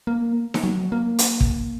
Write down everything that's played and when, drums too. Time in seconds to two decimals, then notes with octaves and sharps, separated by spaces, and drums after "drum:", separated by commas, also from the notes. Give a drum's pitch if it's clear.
0.07 A#3
0.54 drum: snare D#4
0.64 F#3
0.92 A#3
1.19 drum: hi-hat
1.40 drum: kick